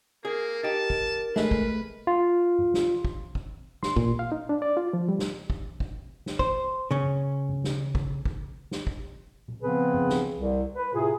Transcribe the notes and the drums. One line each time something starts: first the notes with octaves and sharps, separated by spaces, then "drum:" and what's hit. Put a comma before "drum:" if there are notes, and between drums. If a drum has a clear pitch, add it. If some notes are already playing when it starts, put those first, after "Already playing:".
A#3 G#4 A#4
D#4 G4 A5
drum: kick
G#3 A3 B4, drum: snare
drum: kick
F4
drum: tom G2
drum: snare
drum: kick
drum: kick
C6, drum: snare
A#2, drum: kick
F5
D#4
D4
D5
F4
F3
G3
drum: snare
drum: kick
drum: kick
drum: snare
C5, drum: kick
C#3 C#4
drum: tom G2
drum: tom G2
drum: snare
drum: kick
drum: kick
drum: snare
drum: kick
drum: tom A#2
C#3 F3 B3 C4 G#4 B4
drum: tom G2
drum: snare
C2
B4
A2 C3 F4 G#4